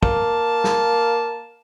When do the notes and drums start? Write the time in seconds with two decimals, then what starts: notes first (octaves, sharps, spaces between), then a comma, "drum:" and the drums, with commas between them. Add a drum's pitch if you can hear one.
0.03 A#3 A5, drum: kick
0.64 drum: snare